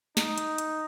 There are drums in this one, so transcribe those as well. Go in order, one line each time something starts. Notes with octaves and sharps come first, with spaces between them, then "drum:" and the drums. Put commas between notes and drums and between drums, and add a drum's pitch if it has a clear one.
D#4, drum: snare
drum: hi-hat
drum: hi-hat